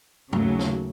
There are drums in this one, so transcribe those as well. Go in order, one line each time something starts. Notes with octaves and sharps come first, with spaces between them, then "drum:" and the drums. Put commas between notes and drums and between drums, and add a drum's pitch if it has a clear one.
D#2 C#3 F#3 A3, drum: tom G2
drum: snare